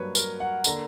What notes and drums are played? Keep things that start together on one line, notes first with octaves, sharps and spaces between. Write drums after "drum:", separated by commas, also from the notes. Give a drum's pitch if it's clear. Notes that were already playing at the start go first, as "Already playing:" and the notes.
Already playing: G2 F#3 A#3 B4 C#5
A#4, drum: tambourine
F#5
D3 A#3 A#5, drum: tambourine